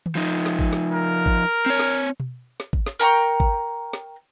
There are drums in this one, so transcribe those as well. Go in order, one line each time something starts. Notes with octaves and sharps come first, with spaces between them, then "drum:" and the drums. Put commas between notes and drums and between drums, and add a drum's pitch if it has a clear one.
drum: tom D#3
F3 D#4
drum: snare
drum: kick G#1
drum: snare
A#4
drum: kick G#1
C4 C#5
drum: snare
drum: tom B2
drum: snare
drum: kick G#1
drum: snare
A#4 G5 A#5 C#6
drum: kick G#1
drum: snare